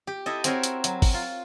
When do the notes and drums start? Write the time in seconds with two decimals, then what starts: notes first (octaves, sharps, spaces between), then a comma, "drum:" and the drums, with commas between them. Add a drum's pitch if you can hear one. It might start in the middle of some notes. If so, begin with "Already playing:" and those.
0.07 G4
0.26 E4 A4 D#5
0.44 C4 E4 F#4 A#4 C5 C#5, drum: hi-hat
0.64 drum: hi-hat
0.84 F#3, drum: hi-hat
1.02 drum: kick G1, open hi-hat
1.14 F4